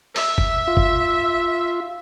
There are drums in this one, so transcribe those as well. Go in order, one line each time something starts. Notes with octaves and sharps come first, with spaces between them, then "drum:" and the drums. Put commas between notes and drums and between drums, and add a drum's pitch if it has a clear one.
E5, drum: open hi-hat
drum: kick F#1
F4
drum: kick F#1